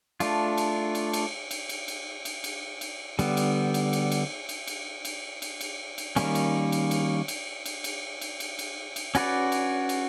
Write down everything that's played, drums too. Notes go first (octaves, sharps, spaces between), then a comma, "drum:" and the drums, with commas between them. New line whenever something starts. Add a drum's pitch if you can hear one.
A3 D4 F4, drum: cymbal
drum: cymbal
drum: cymbal
drum: cymbal
drum: cymbal
drum: cymbal
drum: cymbal
drum: cymbal
drum: cymbal
drum: cymbal
D3 G3 B3, drum: cymbal
drum: cymbal
drum: cymbal
drum: cymbal
drum: cymbal
drum: cymbal
drum: cymbal
drum: cymbal
drum: cymbal
drum: cymbal
drum: cymbal
D#3 G3 A#3 C#4, drum: cymbal
drum: cymbal
drum: cymbal
drum: cymbal
drum: cymbal
drum: cymbal
drum: cymbal
drum: cymbal
drum: cymbal
drum: cymbal
drum: cymbal
C#4 F#4 B4 D5, drum: cymbal
drum: cymbal
drum: cymbal